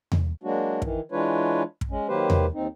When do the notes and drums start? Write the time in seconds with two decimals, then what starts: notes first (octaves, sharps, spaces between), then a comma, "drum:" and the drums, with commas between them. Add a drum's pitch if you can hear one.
0.12 drum: tom E2
0.44 F#3 G#3 A#3 D4 F#4
0.82 D#3 E3, drum: kick
1.12 E3 G#3 D4 F4 B4 C#5
1.81 drum: kick
1.91 G#3 C#4
2.08 D#3 F#3 A#3 G4 B4 C5
2.30 drum: tom E2
2.54 D#2 C4 D#4